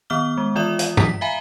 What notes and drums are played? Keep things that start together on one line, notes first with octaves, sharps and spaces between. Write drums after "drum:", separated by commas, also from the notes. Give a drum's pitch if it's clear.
D#3 B3 D6 F6 G7
G#3
E3 F4 D5 E5 D#6 E7
drum: hi-hat
B6, drum: tom G2
E5 F5 G#5 A#5 B5